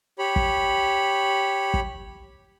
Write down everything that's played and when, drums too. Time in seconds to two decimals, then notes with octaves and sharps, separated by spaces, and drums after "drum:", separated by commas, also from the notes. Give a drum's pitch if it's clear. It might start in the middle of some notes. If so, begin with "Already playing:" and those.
0.19 G4 C#5 B5
0.36 drum: kick
1.74 drum: kick